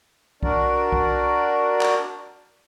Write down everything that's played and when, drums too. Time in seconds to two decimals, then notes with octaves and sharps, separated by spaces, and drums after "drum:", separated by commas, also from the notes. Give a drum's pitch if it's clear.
0.43 D4 F#4 A#4 D5, drum: kick B1
0.92 drum: kick B1
1.81 drum: clap